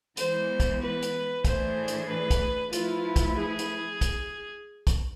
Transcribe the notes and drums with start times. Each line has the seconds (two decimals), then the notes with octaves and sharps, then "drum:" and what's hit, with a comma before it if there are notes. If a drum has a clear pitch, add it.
0.17 E3 G#3 B3 C5, drum: hi-hat
0.60 drum: kick, hi-hat
0.82 B4
1.02 drum: hi-hat
1.45 A2 E3 A3 D4 G#4 C5, drum: kick, hi-hat
1.88 drum: hi-hat
2.09 B4
2.31 drum: kick, hi-hat
2.73 F3 A3 E4 F4 B4, drum: hi-hat
3.16 drum: kick, hi-hat
3.37 G#4
3.59 drum: hi-hat
4.01 drum: kick, hi-hat
4.87 drum: kick, hi-hat